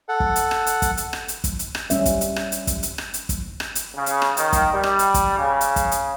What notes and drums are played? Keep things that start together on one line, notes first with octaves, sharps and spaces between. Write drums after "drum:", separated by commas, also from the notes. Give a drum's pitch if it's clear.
A4 F#5
drum: kick
drum: hi-hat
drum: rim click
drum: hi-hat
drum: kick, hi-hat
drum: hi-hat
drum: rim click
drum: hi-hat
drum: kick, hi-hat
drum: hi-hat
drum: rim click
G3 C#4 E5, drum: hi-hat
drum: kick, hi-hat
drum: hi-hat
drum: rim click
drum: hi-hat
drum: kick, hi-hat
drum: hi-hat
drum: rim click
drum: hi-hat
drum: kick, hi-hat
drum: rim click
drum: hi-hat
C#3
drum: hi-hat
drum: rim click
D#3, drum: hi-hat
drum: kick, hi-hat
G3
drum: rim click
drum: hi-hat
drum: kick, hi-hat
C#3
drum: hi-hat
drum: kick, hi-hat
drum: hi-hat